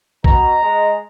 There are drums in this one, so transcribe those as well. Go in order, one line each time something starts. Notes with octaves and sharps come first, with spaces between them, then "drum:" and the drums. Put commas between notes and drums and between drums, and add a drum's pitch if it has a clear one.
B2 A#5, drum: kick A#1
G#3